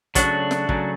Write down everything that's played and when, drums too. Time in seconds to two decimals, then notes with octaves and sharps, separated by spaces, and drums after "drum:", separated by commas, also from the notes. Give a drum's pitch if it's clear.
0.15 C#3 F#3 A3 D4 F#4, drum: kick, hi-hat
0.51 drum: snare
0.69 C#3 F#3 A3, drum: kick